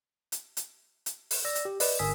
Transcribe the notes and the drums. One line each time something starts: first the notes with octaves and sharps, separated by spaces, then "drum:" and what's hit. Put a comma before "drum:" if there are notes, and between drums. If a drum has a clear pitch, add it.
drum: hi-hat
drum: hi-hat
drum: hi-hat
drum: open hi-hat
D5 E6 A#6
drum: hi-hat
G4
B4 D5 D#5, drum: open hi-hat
G1 A#4 G#5 D#6 E6 B6